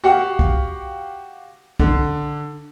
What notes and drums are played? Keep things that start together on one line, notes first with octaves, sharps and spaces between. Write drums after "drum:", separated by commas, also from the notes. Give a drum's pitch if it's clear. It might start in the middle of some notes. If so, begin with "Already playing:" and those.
F#4 G4 F5 F#5
drum: kick
D3, drum: kick